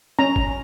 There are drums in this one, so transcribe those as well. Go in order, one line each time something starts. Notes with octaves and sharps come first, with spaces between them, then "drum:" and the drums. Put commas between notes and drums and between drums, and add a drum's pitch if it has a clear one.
C#4 A#5
drum: kick